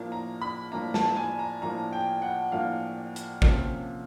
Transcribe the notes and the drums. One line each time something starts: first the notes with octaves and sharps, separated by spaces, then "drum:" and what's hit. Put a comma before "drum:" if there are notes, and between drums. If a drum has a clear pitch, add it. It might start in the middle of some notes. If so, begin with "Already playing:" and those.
Already playing: A2 F3 A#3 D4
A#5
B5
A2 F3 A#3 D4 A#5
A5, drum: snare
G#5
A#5
A2 F3 A#3 D4 A#5
G5
F#5
A2 F3 A#3 D4 F5
drum: hi-hat
C3 F3 A#3 C#4, drum: kick G#1